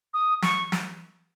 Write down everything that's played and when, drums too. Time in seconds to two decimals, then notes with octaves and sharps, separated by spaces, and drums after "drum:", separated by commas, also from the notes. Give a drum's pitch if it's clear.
0.14 D#6
0.42 C#6, drum: snare
0.72 drum: snare